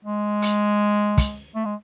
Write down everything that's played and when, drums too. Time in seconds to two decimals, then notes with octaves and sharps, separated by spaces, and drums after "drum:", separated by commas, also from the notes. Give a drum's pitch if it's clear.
0.05 G#3
0.42 drum: hi-hat
1.18 drum: kick, hi-hat
1.55 A3
1.65 G#3